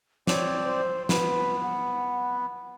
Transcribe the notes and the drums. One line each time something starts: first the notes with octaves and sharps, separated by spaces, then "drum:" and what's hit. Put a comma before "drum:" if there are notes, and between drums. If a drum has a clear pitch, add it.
C4 C#5 D5, drum: snare
C5
B3 B4, drum: snare
F#5